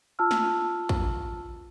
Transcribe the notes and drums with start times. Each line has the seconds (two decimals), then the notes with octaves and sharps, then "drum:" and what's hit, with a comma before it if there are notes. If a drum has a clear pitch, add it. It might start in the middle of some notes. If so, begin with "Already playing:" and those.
0.19 F4 A5 E6 F6
0.31 drum: snare
0.89 drum: kick